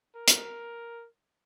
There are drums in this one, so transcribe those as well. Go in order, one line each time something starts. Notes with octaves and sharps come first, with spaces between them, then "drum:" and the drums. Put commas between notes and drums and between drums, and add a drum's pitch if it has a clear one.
A#4
drum: hi-hat